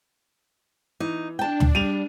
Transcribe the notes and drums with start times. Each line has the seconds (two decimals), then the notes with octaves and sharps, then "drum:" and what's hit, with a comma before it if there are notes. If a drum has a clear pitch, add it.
1.00 E3 D#4
1.39 D4 G5 A5
1.60 drum: tom
1.75 G3 D#7 F7